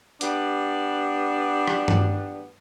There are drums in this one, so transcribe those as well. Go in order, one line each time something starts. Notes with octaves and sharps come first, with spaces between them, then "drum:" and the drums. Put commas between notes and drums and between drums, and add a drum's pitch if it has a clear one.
G3 B3 D4, drum: hi-hat
drum: rim click
drum: tom